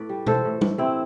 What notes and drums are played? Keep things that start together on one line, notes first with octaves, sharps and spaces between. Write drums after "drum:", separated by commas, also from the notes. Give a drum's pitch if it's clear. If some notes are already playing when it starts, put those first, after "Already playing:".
Already playing: A2 B4 D5
G3
E3 A4 C5, drum: tom B2
A2
A2, drum: tom G3
G2 C4 E4